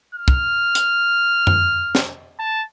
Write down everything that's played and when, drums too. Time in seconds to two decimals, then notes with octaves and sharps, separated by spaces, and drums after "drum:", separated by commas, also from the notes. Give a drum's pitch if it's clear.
0.15 F6
0.28 drum: kick
0.75 drum: hi-hat
1.47 drum: tom F#2
1.95 drum: snare
2.39 A5